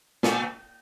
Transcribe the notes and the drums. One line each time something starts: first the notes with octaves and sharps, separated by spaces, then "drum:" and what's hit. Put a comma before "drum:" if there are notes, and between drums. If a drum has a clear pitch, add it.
A#2, drum: snare